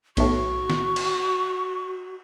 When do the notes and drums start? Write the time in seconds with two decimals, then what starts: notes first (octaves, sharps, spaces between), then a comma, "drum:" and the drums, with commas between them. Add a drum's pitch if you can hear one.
0.17 B1 A2 F#4 C#6, drum: cymbal
0.70 drum: snare
0.96 drum: cymbal